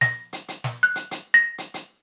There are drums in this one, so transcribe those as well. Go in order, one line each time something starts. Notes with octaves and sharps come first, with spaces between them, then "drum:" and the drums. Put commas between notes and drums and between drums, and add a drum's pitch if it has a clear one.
A#6, drum: snare
drum: hi-hat
drum: hi-hat
drum: snare
F#6
drum: hi-hat
drum: hi-hat
A#6
drum: hi-hat
drum: hi-hat